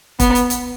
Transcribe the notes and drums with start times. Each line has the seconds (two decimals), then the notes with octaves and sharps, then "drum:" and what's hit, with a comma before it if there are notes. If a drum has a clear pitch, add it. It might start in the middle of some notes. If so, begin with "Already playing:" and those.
0.20 B3, drum: kick, hi-hat
0.35 drum: hi-hat
0.50 drum: hi-hat